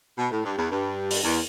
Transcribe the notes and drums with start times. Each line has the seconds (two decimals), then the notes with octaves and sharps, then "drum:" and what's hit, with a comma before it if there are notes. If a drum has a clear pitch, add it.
0.17 B2
0.31 A2
0.44 G2
0.57 E2
0.71 G2
1.11 drum: open hi-hat
1.24 E2